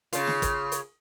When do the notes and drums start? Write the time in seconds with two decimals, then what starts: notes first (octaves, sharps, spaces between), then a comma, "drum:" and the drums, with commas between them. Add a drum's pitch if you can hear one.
0.13 C#3 F4, drum: hi-hat
0.27 drum: snare
0.42 drum: kick, hi-hat
0.72 drum: hi-hat